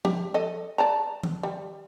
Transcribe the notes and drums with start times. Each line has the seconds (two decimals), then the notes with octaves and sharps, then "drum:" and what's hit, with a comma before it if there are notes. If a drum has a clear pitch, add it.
0.05 G4, drum: tom F3
0.34 A4 D#5
0.78 D5 A5 A#5
1.23 drum: tom D#3
1.43 G3